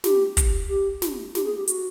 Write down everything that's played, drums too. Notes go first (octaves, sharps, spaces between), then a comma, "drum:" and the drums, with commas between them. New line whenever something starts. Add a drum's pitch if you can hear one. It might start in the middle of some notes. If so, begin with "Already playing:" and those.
G4, drum: snare
drum: kick, hi-hat
G4
drum: snare
G4, drum: snare
G#4
G4
F#4, drum: hi-hat